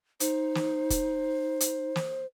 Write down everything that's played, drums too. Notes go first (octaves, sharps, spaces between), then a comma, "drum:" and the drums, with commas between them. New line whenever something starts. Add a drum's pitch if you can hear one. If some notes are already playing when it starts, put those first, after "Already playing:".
D#4 C5, drum: hi-hat
drum: snare
drum: kick F1, hi-hat
drum: hi-hat
drum: snare